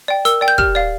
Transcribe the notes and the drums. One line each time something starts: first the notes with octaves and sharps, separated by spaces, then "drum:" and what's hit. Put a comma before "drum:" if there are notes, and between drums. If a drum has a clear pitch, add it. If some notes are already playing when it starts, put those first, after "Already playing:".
D5 G5
A#4 E6, drum: hi-hat
D5 G5
G6
G4 F6, drum: kick
D5 F5